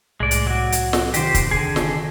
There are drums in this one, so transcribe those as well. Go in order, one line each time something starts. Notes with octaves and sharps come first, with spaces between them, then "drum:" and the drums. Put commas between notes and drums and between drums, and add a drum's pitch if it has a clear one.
C2 A2 G#3 D5
drum: hi-hat
F#3 F#4
drum: hi-hat
drum: snare
C3 D#3 G4 C5 A#6, drum: hi-hat
drum: kick, hi-hat
D3 G#4
drum: snare